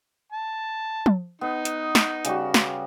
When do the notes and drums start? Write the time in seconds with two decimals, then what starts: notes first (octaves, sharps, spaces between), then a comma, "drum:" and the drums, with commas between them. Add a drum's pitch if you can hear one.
0.32 A5
1.06 drum: tom
1.41 B3 D#4
1.65 drum: hi-hat
1.95 drum: snare
2.25 C#3 G3 F#4, drum: hi-hat
2.54 drum: snare